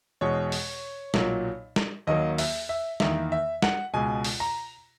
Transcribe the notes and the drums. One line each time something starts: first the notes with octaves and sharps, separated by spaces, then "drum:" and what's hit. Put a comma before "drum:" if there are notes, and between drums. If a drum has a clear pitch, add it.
E2 B2 G#3 C#5
drum: open hi-hat
B1 A#2 F#3, drum: snare
drum: snare
D#2 D#3 F#3 A#3 D#5
E5, drum: open hi-hat
E5
E2 D#3 A#3 E5, drum: snare
E5
F#5, drum: snare
C#2 B2 G#3 G#5
drum: open hi-hat
A#5